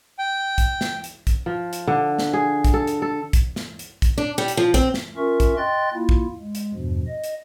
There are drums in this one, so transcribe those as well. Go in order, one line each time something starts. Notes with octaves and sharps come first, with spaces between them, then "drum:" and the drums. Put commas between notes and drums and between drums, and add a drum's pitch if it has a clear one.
G5
drum: kick, hi-hat
drum: snare
drum: hi-hat
drum: kick, hi-hat
F3
drum: hi-hat
D3
drum: snare
G#4
drum: kick, hi-hat
A4
drum: hi-hat
A4
drum: kick, hi-hat
drum: snare
drum: hi-hat
drum: kick, hi-hat
D4
G3
drum: hi-hat
F3
C4, drum: kick, hi-hat
drum: snare
C#4 F4 A#4 E5 C#6
drum: kick, hi-hat
D#5 G5 C6 F#6 A6
A#3 E4 F4
drum: kick
G#3
drum: hi-hat
E2 G2 B2 F3
D#5
drum: hi-hat